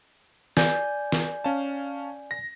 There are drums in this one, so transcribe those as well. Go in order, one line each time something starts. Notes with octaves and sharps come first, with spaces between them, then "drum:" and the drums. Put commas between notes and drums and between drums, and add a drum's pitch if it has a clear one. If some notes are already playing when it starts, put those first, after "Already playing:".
D5 G#5 G6, drum: snare
drum: snare
C#4 F5 A5
A#6